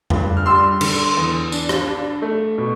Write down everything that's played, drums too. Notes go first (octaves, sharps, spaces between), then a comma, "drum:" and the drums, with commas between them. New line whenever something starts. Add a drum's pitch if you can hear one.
G2, drum: tom F2
F6
G3 C6 E6
D3, drum: cymbal
E2
D4, drum: tambourine
drum: rim click
D4
A3
B2